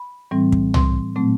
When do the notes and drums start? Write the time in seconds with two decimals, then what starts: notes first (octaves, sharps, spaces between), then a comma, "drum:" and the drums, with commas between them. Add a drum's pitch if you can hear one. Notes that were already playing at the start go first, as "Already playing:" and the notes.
Already playing: B5
0.31 A2 E3 G3 C4
0.52 drum: kick
0.74 C6, drum: tom
1.16 A#2 F#3 A3 C4